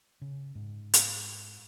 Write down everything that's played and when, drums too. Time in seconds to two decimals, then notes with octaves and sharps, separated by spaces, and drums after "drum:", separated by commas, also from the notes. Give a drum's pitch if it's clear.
0.22 C#3
0.55 G#2
0.94 drum: hi-hat